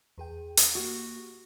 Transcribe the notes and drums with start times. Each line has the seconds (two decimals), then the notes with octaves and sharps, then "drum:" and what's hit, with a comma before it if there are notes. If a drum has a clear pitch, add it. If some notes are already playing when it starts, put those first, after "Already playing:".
0.18 E2 G#4 G5
0.57 D#6, drum: hi-hat
0.75 A#3 F#4 G4